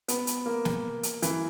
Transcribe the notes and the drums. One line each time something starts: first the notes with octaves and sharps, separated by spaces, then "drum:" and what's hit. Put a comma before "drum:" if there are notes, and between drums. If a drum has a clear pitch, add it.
B3, drum: hi-hat
drum: hi-hat
A#3
drum: snare
drum: hi-hat
E3, drum: hi-hat